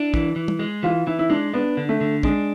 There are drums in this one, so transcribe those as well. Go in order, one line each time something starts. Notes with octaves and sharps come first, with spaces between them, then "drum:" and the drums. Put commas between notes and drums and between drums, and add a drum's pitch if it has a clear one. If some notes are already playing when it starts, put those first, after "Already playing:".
Already playing: D4 E4
E3, drum: kick
E3
drum: tom
G#3
E3 F4
E3 E4
E4
G#3 D4
B3 D4
D3
A3
D3
G#3 D4, drum: kick